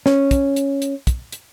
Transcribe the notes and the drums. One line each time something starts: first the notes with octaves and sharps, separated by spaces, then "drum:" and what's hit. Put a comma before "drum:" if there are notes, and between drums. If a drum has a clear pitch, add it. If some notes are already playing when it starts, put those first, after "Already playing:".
C#4, drum: snare
drum: kick, hi-hat
drum: hi-hat
drum: hi-hat
drum: kick, hi-hat
drum: hi-hat